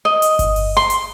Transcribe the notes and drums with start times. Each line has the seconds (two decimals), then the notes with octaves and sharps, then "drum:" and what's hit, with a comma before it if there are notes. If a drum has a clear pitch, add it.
0.05 D#5
0.22 drum: hi-hat
0.39 drum: kick G1, hi-hat
0.56 drum: open hi-hat
0.77 C6
0.90 drum: hi-hat